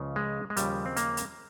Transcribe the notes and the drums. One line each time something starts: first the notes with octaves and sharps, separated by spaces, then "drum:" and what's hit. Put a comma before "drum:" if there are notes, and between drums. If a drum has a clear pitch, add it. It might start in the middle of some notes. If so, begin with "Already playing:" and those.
Already playing: C#2 C#3 F3
G#3
G#3
D#2 C#3 F3 G3, drum: hi-hat
C4
A#3, drum: hi-hat
drum: hi-hat